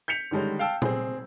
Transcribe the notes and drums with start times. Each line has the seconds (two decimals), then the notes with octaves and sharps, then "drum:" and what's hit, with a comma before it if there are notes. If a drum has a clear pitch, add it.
0.08 G6 B6 C#7 F7
0.31 D3 D#3 G3 G#3 C#4
0.59 F5 G5 A5 E6
0.82 C4 G#4, drum: tom A#2